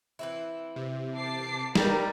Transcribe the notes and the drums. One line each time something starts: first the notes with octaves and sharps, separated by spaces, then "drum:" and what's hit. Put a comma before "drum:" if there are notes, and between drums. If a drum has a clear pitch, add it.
E3 C4 E4
C3
A5 D6 C7
G3 D#4 A#4 B4, drum: snare